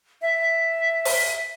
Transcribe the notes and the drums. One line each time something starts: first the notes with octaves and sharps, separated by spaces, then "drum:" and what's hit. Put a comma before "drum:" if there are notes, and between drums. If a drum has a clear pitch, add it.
E5
drum: open hi-hat